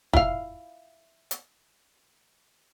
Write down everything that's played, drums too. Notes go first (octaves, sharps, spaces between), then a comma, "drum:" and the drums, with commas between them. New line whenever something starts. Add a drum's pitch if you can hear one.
E4 F5, drum: kick
drum: hi-hat